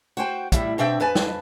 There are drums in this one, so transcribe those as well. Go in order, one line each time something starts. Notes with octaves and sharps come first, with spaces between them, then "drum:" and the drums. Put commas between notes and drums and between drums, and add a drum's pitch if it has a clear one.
F#4 C5 G5
A2 G3 E4 E5, drum: kick, hi-hat
B2 C4 D4 E5 G5
F2 B4 G#5 A5
drum: snare